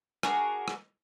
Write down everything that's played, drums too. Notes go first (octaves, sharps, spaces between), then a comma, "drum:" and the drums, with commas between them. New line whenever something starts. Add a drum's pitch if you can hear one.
D4 F#4 G#4 A#4, drum: rim click
drum: rim click